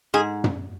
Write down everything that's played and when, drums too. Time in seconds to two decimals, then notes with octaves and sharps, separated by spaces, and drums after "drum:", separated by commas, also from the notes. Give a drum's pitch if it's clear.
0.14 G#2 G#4
0.44 drum: tom